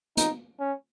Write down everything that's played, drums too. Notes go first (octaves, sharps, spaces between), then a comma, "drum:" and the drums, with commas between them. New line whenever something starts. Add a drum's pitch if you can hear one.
D#4, drum: hi-hat
C#4